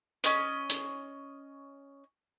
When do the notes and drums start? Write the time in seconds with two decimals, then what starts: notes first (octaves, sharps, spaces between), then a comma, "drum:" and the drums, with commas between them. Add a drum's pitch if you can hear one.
0.24 C#4 D#5, drum: hi-hat
0.70 drum: hi-hat